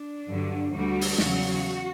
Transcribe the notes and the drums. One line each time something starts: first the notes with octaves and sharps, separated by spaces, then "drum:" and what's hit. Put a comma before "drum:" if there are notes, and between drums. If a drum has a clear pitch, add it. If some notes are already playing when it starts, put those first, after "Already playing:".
Already playing: D4
G2 D3 F#3
D2 D3 G3 F#4
drum: open hi-hat
E2 C#3 F#3 F#4, drum: snare